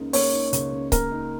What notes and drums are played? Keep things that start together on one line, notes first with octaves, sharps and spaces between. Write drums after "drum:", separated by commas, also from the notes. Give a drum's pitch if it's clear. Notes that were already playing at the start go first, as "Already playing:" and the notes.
Already playing: C#2 C#3 A#3 D#4
A#3 C#5, drum: open hi-hat
D#4
C#2, drum: hi-hat
C#3
A#3 A#4, drum: kick C#1, hi-hat
D#4